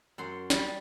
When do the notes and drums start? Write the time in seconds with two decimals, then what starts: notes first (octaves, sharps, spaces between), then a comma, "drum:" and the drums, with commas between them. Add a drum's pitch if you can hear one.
0.18 F#2 F#5 C6
0.50 G3, drum: snare